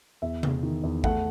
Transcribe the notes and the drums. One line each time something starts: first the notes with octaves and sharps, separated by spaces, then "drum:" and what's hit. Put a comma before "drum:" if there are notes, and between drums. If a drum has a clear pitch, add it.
E2 E5
E2, drum: tom C3
D#3
E2
A3 F#5, drum: kick A1